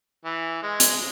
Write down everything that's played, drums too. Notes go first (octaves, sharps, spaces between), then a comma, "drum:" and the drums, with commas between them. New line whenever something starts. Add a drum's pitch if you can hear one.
E3
G#3
drum: hi-hat